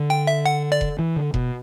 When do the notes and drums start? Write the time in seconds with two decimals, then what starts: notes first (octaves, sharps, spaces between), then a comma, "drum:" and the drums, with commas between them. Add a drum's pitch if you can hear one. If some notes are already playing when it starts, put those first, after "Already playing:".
Already playing: D3
0.10 G5
0.27 E5
0.45 F#5
0.72 D5
0.81 drum: kick F1
0.99 E3
1.16 D3
1.34 B2, drum: kick F1